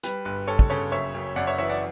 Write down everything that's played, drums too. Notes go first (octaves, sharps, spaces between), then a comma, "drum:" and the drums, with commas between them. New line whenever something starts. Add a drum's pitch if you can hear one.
G3 B4, drum: hi-hat
G1 B4
G1 A4 C#5
drum: kick
C#3 A4 C#5
F#1 C#5 E5
F#1
F#2 D5 F#5
C#5 E5
E3 C#5 E5
D5 F#5